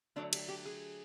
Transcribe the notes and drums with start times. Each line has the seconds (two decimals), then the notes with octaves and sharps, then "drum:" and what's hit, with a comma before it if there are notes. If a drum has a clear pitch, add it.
0.16 D3 F#3 A3 D4
0.33 G4, drum: cymbal
0.48 G4
0.65 G#4